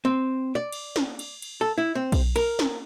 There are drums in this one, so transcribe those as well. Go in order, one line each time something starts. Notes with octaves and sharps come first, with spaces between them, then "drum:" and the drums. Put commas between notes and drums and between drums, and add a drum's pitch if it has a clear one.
C4
D5
drum: cymbal
drum: snare
drum: cymbal
drum: cymbal
A4
E4
C4
drum: kick B1, cymbal
A#4, drum: cymbal
drum: snare